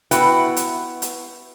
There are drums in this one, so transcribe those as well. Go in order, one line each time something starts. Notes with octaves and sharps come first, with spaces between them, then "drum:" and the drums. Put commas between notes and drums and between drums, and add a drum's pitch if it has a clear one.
B3 E4 F#4 B4 G5, drum: hi-hat
drum: hi-hat
drum: hi-hat